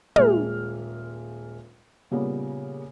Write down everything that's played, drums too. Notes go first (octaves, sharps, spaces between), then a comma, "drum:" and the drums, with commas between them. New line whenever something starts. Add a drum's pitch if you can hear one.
D#1 G#3 A#3 E5 F6, drum: tom
A#2 C#3 G3 A#3 B3